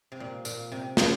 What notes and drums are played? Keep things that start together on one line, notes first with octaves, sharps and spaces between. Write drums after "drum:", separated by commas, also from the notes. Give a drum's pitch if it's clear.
C3
A#2
A#2, drum: tambourine
C3
C#3, drum: snare